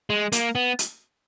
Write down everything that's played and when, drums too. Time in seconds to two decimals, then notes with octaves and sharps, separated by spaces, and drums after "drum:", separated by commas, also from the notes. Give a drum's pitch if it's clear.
0.10 G#3
0.32 A#3, drum: hi-hat
0.55 B3
0.79 drum: hi-hat